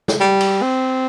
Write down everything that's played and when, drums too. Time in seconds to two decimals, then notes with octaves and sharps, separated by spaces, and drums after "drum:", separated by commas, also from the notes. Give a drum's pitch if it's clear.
0.08 drum: snare
0.21 G3
0.41 drum: cymbal
0.62 C4